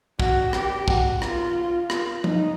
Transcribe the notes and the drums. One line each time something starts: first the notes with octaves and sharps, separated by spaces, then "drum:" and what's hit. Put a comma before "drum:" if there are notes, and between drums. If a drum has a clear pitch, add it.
F#4, drum: kick
G4, drum: rim click
F#4, drum: kick
F4, drum: rim click
drum: rim click
D#4, drum: tom F3